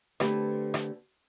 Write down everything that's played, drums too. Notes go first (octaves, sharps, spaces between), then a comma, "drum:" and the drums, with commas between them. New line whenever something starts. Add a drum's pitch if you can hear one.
D3 A3 C4 G4 B4, drum: rim click
drum: rim click